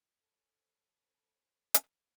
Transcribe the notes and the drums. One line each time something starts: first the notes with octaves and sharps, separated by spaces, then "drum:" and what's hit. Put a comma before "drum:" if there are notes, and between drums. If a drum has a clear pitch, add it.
A4 C5 C#5 G#5 B5
drum: hi-hat